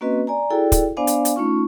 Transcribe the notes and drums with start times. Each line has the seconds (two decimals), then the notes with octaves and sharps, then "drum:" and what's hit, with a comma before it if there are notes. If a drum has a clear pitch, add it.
0.01 A#3 C4 C#4 F#4 B4 D#5
0.27 D5 G#5 A#5
0.50 E4 F#4 G#4 A4 D5 G5
0.72 drum: kick, hi-hat
0.97 B3 D4 C5 D5 F5 G#5
1.07 drum: hi-hat
1.25 drum: hi-hat
1.36 A3 C#4 D#4 F4 C#6